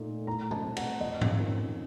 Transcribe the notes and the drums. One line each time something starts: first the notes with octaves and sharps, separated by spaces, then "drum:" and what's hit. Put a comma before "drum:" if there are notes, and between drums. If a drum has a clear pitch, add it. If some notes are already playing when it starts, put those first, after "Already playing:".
Already playing: A#2 A3 D#4
A2 A#5
A5, drum: tom B2
A3 C4
F#5, drum: cymbal
F2 D#5
drum: tom G#2
D#3 A#3 C#4 F4